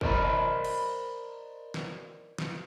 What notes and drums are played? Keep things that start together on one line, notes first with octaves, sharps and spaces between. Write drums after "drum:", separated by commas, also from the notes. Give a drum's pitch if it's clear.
A#4 C5 D5 D#5 A#5 B5, drum: kick
drum: cymbal
drum: snare
drum: snare